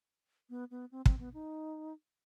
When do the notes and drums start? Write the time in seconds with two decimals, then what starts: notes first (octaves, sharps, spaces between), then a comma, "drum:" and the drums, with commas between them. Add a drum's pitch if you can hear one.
0.50 B3
0.71 B3
0.92 C4
1.06 C4, drum: kick
1.19 B3
1.34 D#4